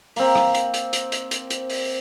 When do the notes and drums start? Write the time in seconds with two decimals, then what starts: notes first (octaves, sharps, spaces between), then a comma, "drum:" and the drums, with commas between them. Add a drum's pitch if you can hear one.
0.16 A#3 C4, drum: open hi-hat
0.35 drum: rim click
0.55 drum: hi-hat
0.74 drum: hi-hat
0.93 drum: hi-hat
1.12 drum: hi-hat
1.31 drum: hi-hat
1.50 drum: hi-hat
1.70 drum: open hi-hat